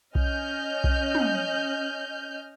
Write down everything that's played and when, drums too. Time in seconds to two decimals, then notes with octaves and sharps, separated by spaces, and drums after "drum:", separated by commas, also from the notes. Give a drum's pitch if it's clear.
0.15 C#4 D#5 F6 G6, drum: kick B1
0.84 drum: kick B1
1.15 drum: tom